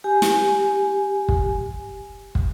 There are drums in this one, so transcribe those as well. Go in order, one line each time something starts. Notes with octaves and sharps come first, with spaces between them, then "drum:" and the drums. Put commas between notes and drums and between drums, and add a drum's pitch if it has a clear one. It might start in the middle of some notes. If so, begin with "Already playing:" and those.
G4 G#5
drum: snare
drum: kick
drum: kick